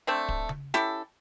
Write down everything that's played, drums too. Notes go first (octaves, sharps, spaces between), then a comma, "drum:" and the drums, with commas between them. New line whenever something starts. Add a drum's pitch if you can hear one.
A3 C4 D4
drum: kick
drum: tom C#3
C#4 E4 G4 A4, drum: snare